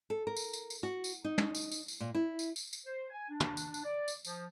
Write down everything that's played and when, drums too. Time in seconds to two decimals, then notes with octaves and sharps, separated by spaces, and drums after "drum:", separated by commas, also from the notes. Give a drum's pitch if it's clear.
0.10 A4
0.27 A#4
0.36 drum: tambourine
0.53 drum: tambourine
0.70 drum: tambourine
0.83 F#4
1.04 drum: tambourine
1.24 D#4
1.38 drum: tom
1.55 drum: tambourine
1.71 drum: tambourine
1.88 drum: tambourine
2.00 A#2
2.15 E4
2.39 drum: tambourine
2.56 drum: tambourine
2.73 drum: tambourine
2.87 C5
3.10 G#5
3.30 D4
3.40 drum: tom
3.57 drum: tambourine
3.74 drum: tambourine
3.84 D5
4.08 drum: tambourine
4.25 F3, drum: tambourine